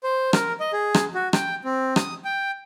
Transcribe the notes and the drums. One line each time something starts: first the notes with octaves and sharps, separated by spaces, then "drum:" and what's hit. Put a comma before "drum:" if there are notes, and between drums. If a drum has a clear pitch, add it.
C5
A#4, drum: rim click
D#5
G#4
drum: rim click
F#4
G5, drum: rim click
C4
D#6, drum: rim click
G5